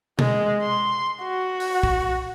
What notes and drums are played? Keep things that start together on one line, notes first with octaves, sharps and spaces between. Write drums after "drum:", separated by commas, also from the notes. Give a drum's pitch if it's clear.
G#3, drum: tom B2
C6
F#4
drum: open hi-hat
drum: kick